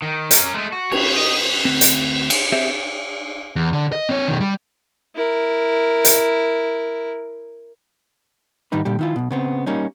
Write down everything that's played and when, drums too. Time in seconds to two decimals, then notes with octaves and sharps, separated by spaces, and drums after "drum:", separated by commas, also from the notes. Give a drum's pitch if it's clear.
0.02 D#3
0.31 C#4 A#4, drum: hi-hat
0.54 G#3 A3
0.72 F#4
0.91 C#5, drum: cymbal
1.18 D#5
1.65 D2 C4
1.81 drum: hi-hat
2.30 drum: cymbal
2.52 C4 G4 G#4 C5 E5
3.56 E2
3.73 D3
3.92 D#5
4.09 C4 C#5
4.28 B2 D#3
4.40 G3
5.16 E4 A#4
6.05 drum: hi-hat
8.72 G#2 D#3 G3 D#4 B4
8.85 A#2 D3 G3 G4
8.99 D#3 E4 F4
9.16 B1 B2
9.31 C#3 B3 C4
9.66 G3 A#3 C#4 D#4